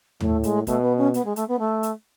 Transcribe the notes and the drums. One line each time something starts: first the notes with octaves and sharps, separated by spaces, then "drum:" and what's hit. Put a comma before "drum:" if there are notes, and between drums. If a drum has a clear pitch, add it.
A2 A3, drum: tom
G#3, drum: hi-hat
B2 A3, drum: kick, hi-hat
B3
C#4
B3, drum: hi-hat
G#3
A3, drum: hi-hat
B3
A3
drum: hi-hat